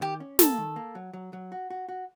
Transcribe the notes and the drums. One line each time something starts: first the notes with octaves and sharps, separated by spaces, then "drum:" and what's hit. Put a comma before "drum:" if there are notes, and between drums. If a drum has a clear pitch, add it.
D#3 G4
C#4
A#3 A4, drum: snare
D#3
A#3
F#3
F#3
F#3
F#4
F#4
F#4